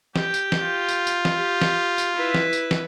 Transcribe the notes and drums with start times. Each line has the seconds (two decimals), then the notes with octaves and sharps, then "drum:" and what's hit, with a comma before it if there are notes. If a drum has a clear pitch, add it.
0.16 G4 G5, drum: snare
0.34 drum: tambourine
0.52 drum: snare
0.62 F4
0.88 drum: tambourine
1.07 drum: tambourine
1.25 drum: snare
1.36 G4
1.61 drum: snare
1.98 drum: tambourine
2.16 E4 B4
2.34 drum: snare
2.53 drum: tambourine
2.71 drum: snare